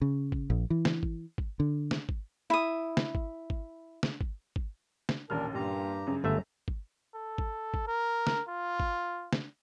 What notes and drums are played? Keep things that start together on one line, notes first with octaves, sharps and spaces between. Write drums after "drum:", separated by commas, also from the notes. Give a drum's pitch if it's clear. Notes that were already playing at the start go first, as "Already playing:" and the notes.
C#3
drum: kick
A#1
E3
drum: snare
drum: kick
drum: kick
D3
drum: snare
drum: kick
E4 D#6
drum: snare
drum: kick
drum: kick
drum: snare
drum: kick
drum: kick
drum: snare
A1 D#2 A#2 D4 A#4 F6
G2 A#2 G4 A#5
F#2 C#3
G1 A3 E5 A#5
drum: kick
A4
drum: kick
drum: kick
A#4
drum: snare
F4
drum: kick
drum: snare